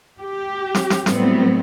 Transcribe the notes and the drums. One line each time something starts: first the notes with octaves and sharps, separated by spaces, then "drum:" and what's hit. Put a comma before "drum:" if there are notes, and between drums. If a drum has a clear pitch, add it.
G4
drum: snare
drum: snare
A2 F#3 G3 B3 C4, drum: snare